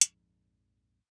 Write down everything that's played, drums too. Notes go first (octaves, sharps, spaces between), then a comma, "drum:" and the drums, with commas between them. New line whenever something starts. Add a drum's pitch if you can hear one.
A#1 F2 G#2, drum: hi-hat